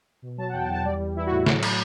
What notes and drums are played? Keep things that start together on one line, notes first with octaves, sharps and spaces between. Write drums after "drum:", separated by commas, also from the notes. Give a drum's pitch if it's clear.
B2
F#3 A5
F#5
E2 G5
A5
E2
A5
G3 D5
G3
E3 E4
F#4
A2
F#3, drum: snare
F#3, drum: cymbal